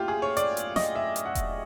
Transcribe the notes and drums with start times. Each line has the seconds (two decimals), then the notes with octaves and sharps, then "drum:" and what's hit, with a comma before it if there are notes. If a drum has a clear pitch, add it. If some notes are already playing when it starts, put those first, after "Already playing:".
Already playing: B1 A2 A#3 E4 F4 G4
0.08 G#4
0.22 C#5
0.37 D5, drum: hi-hat
0.57 drum: hi-hat
0.76 D#5, drum: snare
0.95 E5
1.16 drum: hi-hat
1.25 F#5
1.35 drum: kick E1, hi-hat